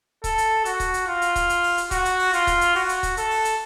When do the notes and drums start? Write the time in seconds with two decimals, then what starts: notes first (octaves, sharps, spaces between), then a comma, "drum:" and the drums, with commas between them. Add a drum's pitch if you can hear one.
0.24 A4, drum: kick C#1, hi-hat
0.38 drum: hi-hat
0.65 F#4, drum: hi-hat
0.80 drum: kick C#1, hi-hat
0.94 drum: hi-hat
1.08 F4
1.22 drum: hi-hat
1.36 drum: kick C#1, hi-hat
1.50 drum: hi-hat
1.63 drum: open hi-hat
1.77 drum: hi-hat
1.91 F#4, drum: kick C#1, hi-hat
2.05 drum: hi-hat
2.19 drum: open hi-hat
2.33 F4, drum: hi-hat
2.47 drum: kick C#1, hi-hat
2.61 drum: hi-hat
2.75 F#4, drum: open hi-hat
2.89 drum: hi-hat
3.03 drum: kick C#1, hi-hat
3.17 A4, drum: hi-hat
3.31 drum: open hi-hat
3.45 drum: hi-hat